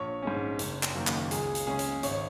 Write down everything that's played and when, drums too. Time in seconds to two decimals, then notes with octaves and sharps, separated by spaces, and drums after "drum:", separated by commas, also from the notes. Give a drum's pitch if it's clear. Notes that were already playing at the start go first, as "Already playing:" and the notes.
Already playing: A#1 C#5
0.22 G#2 G#3 C#4
0.59 F#1, drum: hi-hat
0.83 drum: clap
0.95 F#2 D#3 F#3 A#3
1.07 drum: clap
1.31 C#2 G#4, drum: hi-hat
1.55 drum: hi-hat
1.67 C#3 G#3 C#4 G#4
1.79 drum: hi-hat
2.03 G#1 C#5, drum: hi-hat